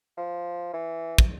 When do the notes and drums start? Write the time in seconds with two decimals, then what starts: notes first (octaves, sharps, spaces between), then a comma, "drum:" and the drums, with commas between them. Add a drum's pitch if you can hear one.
0.18 F3
0.74 E3
1.18 drum: kick